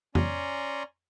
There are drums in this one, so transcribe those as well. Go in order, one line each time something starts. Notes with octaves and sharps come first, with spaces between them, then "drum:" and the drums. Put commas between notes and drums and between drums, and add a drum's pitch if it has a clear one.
C#4 D5 G#5 A#5 C6 C#6, drum: tom F2